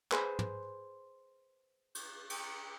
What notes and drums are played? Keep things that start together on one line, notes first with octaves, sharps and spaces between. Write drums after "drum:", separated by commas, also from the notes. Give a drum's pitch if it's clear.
G#4 B4 C5, drum: clap
drum: tom
drum: cymbal
drum: cymbal